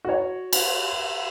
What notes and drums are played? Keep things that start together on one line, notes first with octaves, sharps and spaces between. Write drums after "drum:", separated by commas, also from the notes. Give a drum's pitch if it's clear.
F#4 C#5
drum: cymbal